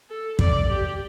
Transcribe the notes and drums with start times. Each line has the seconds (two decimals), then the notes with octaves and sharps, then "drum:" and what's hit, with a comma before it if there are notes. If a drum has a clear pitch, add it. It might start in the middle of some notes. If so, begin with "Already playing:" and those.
0.09 A4
0.39 D5, drum: kick
0.69 G4